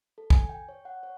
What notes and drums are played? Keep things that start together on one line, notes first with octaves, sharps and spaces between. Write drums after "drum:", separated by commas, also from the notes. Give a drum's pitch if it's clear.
A4
G#5, drum: kick
G5
C#5
F#5
C#5